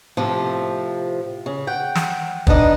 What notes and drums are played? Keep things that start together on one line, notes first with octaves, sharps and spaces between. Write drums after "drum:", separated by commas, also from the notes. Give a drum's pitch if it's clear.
A2 C3 F3
C#3
F#5 G5
drum: snare
B3 D4 D#4 D#5, drum: kick